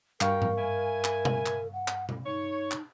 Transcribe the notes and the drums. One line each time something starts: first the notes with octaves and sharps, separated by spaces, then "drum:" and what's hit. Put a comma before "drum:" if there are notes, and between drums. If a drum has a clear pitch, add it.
G2 B2 A#4 F5 G5 A#5 C#6, drum: clap
drum: tom G#2
E4 G#5
drum: clap
drum: tom B2
drum: clap
F#5
drum: clap
drum: tom B2
D#4 C#5
drum: clap